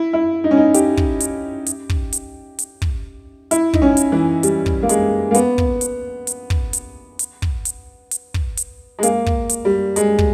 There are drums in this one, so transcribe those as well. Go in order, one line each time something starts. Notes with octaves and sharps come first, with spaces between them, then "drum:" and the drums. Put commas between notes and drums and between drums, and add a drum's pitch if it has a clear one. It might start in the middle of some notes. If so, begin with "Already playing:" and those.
Already playing: E4
E4
D#4
C#4
D#4
G4, drum: hi-hat
drum: kick
drum: hi-hat
drum: hi-hat
drum: kick
drum: hi-hat
drum: hi-hat
drum: kick
E4, drum: hi-hat
D#4, drum: kick
C#4
drum: hi-hat
E3
G3, drum: hi-hat
drum: kick
A#3
G#3, drum: hi-hat
A#3
B3, drum: hi-hat
drum: kick
drum: hi-hat
drum: hi-hat
drum: kick
drum: hi-hat
drum: hi-hat
drum: kick
drum: hi-hat
drum: hi-hat
drum: kick
drum: hi-hat
G#3
A#3, drum: hi-hat
drum: kick
drum: hi-hat
G3
G#3, drum: hi-hat
drum: kick